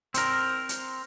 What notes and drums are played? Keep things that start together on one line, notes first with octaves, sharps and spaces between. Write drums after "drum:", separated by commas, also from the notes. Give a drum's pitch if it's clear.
C4 A#4, drum: hi-hat
drum: hi-hat